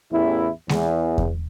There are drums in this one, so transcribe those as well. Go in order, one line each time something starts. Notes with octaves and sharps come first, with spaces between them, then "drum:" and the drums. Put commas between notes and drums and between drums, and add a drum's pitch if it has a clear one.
A1 E2 E4
E2, drum: snare G#3
drum: kick E2